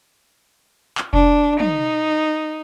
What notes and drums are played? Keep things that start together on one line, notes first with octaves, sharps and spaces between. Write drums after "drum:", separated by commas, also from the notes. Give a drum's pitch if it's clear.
drum: clap
D4, drum: kick F1
D#4, drum: tom